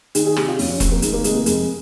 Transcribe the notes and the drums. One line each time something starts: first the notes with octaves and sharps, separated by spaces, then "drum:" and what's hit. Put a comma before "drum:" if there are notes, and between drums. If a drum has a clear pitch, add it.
D#3 G#4, drum: hi-hat
G#4
C3 G4, drum: rim click
F4
F2 C#4, drum: open hi-hat
C#4
F2 C4, drum: kick E1, hi-hat
A#3
D#3 G#3, drum: hi-hat
A#3
C3 G#3, drum: hi-hat
A#3
F2 G#3, drum: hi-hat